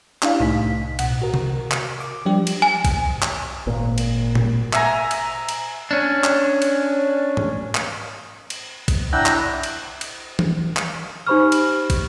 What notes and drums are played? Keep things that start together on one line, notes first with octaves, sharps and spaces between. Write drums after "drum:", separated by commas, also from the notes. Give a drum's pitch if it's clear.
C#4 D4 E4 G4 F5, drum: clap
C2 A2 D#4 B6
B2 F#5, drum: cymbal
F#4 A#4
drum: tom C3
drum: clap
D6
F3 G3 D4 G4
drum: cymbal
G#5
drum: kick, cymbal
drum: clap
G#1 A#2
drum: cymbal
drum: tom A#2
E5 G#5 A#5, drum: clap
drum: cymbal
drum: cymbal
C#4 D4
drum: clap
drum: cymbal
drum: tom G#2
drum: clap
drum: cymbal
drum: kick, cymbal
D4 E4 F#5 G5 A#5 E6
drum: clap
drum: cymbal
drum: cymbal
drum: tom E3
drum: clap
D#4 G4 C5 B5 C#6 F6
drum: cymbal
drum: kick, cymbal